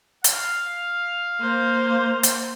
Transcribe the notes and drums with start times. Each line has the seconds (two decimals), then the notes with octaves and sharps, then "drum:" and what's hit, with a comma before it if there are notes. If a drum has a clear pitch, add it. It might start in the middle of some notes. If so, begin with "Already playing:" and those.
0.24 F5, drum: hi-hat
1.40 A#3 C5
2.23 drum: hi-hat